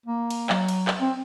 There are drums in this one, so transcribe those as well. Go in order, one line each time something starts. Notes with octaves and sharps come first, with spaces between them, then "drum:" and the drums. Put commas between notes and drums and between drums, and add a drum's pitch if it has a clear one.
A#3
drum: cymbal
F#3, drum: clap
drum: cymbal
drum: clap
C4